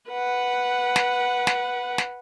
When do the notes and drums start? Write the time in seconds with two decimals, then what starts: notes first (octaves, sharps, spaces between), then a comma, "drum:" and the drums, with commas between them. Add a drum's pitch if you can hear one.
0.10 B4 F#5
0.96 drum: snare
1.47 drum: snare
1.98 drum: snare